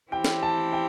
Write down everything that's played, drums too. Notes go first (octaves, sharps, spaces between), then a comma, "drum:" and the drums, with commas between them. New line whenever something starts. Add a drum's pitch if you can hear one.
E3 C4 G4 G5
drum: snare
A5
G5